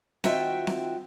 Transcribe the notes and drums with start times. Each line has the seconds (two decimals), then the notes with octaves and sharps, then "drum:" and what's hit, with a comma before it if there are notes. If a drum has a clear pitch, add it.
0.24 D#3 F4 F#4 C5 E5 G5, drum: snare C4
0.67 drum: snare C4